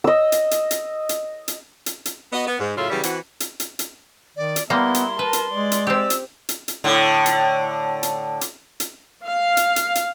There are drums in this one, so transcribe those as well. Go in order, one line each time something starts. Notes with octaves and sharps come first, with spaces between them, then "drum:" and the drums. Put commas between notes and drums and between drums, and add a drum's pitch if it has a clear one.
D#5 E6
drum: hi-hat
drum: hi-hat
drum: hi-hat
drum: hi-hat
drum: hi-hat
drum: hi-hat
drum: hi-hat
B3 F#4 D#5
B3
G#2
F#2 A2 C#3 F4 E5
C#3 E3 F#3 G3
E3 C4 F#4, drum: hi-hat
drum: hi-hat
drum: hi-hat
drum: hi-hat
D#3 D5
drum: hi-hat
G3 A#3 B3 E4 C6
drum: hi-hat
A#4 B4 A5
drum: hi-hat
G#3 D5
drum: hi-hat
C4 G4 E6
drum: hi-hat
drum: hi-hat
drum: hi-hat
A2 D3
drum: hi-hat
drum: hi-hat
drum: hi-hat
drum: hi-hat
F5
drum: hi-hat
drum: hi-hat
drum: hi-hat